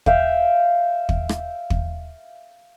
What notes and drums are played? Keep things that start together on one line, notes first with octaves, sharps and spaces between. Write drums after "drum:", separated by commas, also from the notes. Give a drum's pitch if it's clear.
E5 F5 G5, drum: kick
drum: kick
drum: rim click
drum: kick